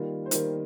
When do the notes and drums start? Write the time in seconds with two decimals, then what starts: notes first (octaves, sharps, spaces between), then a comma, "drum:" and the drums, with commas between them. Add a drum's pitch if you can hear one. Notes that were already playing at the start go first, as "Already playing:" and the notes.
Already playing: D#3 G3 A#3 F4
0.26 C5
0.31 D#3 G3 A#3 A#4, drum: hi-hat